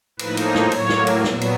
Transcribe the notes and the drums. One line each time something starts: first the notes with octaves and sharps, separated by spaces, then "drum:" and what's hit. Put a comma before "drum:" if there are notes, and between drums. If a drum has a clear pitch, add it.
A2 F3 A#3 D#4 B4, drum: cymbal
drum: cymbal
drum: snare
A2 F#3 A#3 C#5, drum: cymbal
drum: snare
drum: cymbal
A#2 F#3 B3, drum: snare
drum: cymbal